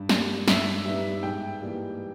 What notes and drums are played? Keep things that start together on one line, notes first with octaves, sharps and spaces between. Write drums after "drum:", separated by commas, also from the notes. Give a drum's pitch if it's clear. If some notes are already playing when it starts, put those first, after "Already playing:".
Already playing: G2
G3 A#3, drum: snare
G2 E5, drum: snare
G3 B3 D#4 E5
G#2 G5
E3 G3 A#3